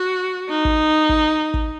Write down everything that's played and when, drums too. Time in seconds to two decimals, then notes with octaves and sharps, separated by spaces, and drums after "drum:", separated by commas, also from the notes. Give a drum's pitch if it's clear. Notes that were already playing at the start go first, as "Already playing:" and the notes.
Already playing: F#4
0.50 D#4
0.65 drum: kick
1.09 drum: kick
1.54 drum: kick